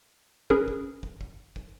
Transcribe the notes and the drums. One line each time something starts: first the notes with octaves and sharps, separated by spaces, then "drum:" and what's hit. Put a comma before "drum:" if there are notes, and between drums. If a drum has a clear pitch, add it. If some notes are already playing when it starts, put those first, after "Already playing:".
C#4 G#4 A#4 B4, drum: kick
drum: kick
drum: kick
drum: kick
drum: kick